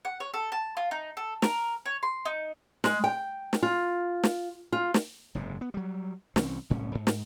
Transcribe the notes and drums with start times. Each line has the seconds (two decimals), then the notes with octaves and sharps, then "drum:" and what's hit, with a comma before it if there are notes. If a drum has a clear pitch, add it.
0.05 F#5
0.20 C#5
0.34 A4
0.52 A5
0.77 F4
0.91 D#4
1.17 A4
1.42 A#4, drum: snare
1.86 C#5
2.03 C6
2.25 D#4
2.84 G#3, drum: snare
3.04 G5
3.53 drum: snare
3.63 F4
4.23 drum: snare
4.72 F4
4.94 drum: snare
5.35 F#1 G#2 C3
5.61 B3
5.74 F#3 G3
6.36 C2 E3 C4 C#4, drum: snare
6.70 F#1 C2 A2 C#4
6.95 G#2
7.07 drum: snare